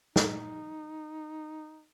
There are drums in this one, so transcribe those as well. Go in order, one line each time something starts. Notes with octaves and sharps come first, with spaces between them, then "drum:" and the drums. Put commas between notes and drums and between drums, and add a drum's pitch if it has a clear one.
D#4, drum: snare